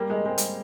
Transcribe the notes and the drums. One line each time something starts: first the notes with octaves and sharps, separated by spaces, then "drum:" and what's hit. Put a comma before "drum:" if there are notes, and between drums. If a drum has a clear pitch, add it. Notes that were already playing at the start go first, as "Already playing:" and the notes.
Already playing: G3 A#3
G#3
G#3 C4
drum: hi-hat